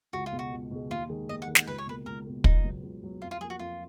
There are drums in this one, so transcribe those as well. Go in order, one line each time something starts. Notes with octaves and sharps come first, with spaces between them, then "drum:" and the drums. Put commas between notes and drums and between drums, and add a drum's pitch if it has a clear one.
C#2 F#4
F4
B2 G#3
F#4
C#2
B2 G#3
D#2 F4
D#3 G#3
D#2 D#5
F#5
D#3 G#3
F#5, drum: snare
C#2 B4
C#5
B2 A#3 B4
C#2 A#4
B2 A#3
C#2 D#4, drum: kick
B2 F#3 B3
C#2
B2 F#3 B3
F2 F4
F4
F3 A#3 G#4
F#4
F2 F4